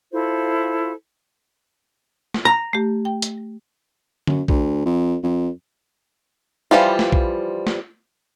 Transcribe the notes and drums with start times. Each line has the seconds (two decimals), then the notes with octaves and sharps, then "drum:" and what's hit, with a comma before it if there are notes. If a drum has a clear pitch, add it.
0.12 E4 F4 A4 C5
2.34 drum: snare
2.45 A#5
2.73 A3 G4
3.05 G5
3.22 drum: hi-hat
4.27 F#2, drum: tom D3
4.48 D2, drum: kick A#1
4.85 F2
5.23 F2
6.71 E3 F3 G3 F4
6.99 drum: snare
7.12 drum: kick A#1
7.67 drum: snare